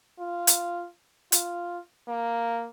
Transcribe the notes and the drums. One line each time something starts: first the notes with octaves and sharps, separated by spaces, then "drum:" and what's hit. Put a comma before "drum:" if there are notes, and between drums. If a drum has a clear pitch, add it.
F4
drum: hi-hat
F4, drum: hi-hat
A#3